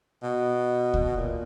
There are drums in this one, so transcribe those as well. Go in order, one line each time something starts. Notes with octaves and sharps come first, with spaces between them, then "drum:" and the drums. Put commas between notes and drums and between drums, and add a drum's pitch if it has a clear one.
B2
drum: kick C#2
A#2